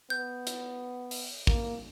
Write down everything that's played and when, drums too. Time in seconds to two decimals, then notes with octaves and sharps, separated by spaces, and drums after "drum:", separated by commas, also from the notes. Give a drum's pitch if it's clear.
0.10 B3 G6
0.47 drum: hi-hat
1.11 drum: open hi-hat
1.47 A#3, drum: kick